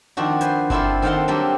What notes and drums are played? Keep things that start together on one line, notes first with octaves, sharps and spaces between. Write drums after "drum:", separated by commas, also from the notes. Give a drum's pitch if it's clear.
D#3 F3 C4 D4 F#4
B4 C5 G#5, drum: hi-hat
C4 D4 E4 F4 A4 C5, drum: kick G1
D#3 C4 A4 F5 F#5 C6
F#3 G3 A#3 D4 G4 A4